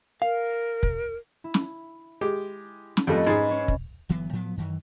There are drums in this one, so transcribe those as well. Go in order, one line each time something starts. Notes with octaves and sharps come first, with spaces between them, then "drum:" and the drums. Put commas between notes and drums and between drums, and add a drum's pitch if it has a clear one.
A#4 F5
drum: kick
E4
drum: snare
G#3 G4 D7
drum: snare
F2 G3 A3 C#4 B4 D#5
G#2 G#4 B5
C#4 C#5
drum: kick
G1 E3 F#3 B3
A2 F3 F#3 B3
F#2 D#3 E3